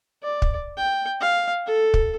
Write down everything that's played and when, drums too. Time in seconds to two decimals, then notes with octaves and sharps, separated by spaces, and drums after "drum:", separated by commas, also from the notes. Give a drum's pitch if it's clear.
0.23 D5
0.42 drum: kick
0.77 G5
1.21 F5
1.67 A4
1.94 drum: kick